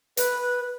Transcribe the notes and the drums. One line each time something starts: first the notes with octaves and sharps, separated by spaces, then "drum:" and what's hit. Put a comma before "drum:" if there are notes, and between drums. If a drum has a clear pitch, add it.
B4, drum: hi-hat